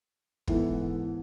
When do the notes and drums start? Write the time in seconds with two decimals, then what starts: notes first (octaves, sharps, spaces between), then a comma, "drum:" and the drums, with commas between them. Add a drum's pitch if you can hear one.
0.48 G#2 E3 B3 E4 A4, drum: kick